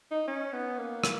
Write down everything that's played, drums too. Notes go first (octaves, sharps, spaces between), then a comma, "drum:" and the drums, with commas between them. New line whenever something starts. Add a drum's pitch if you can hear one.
D#4
C#4
B3
A#3
drum: rim click